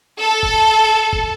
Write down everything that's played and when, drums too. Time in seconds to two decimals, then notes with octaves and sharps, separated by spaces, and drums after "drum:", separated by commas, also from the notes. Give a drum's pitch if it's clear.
0.20 A4
0.43 drum: kick
1.13 drum: kick